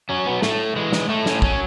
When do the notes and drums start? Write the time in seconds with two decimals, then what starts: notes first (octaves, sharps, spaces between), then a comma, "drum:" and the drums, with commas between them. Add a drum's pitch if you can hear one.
0.09 F#3 C#4
0.26 B3
0.42 A2 A3, drum: snare
0.76 E3 G#3
0.93 drum: snare
1.09 A2 A3
1.26 C#4, drum: snare
1.42 F#3 C#4, drum: kick